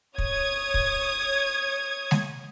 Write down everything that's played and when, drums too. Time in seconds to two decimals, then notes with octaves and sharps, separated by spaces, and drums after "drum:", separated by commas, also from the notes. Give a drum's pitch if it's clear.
0.18 C#5 D#6 G#6, drum: kick
0.74 drum: kick
2.11 drum: snare G#3